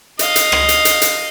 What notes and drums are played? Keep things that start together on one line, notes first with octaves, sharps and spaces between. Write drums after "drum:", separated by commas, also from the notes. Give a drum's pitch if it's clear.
D#5 F5, drum: hi-hat
drum: hi-hat
drum: rim click
drum: hi-hat
drum: hi-hat
drum: hi-hat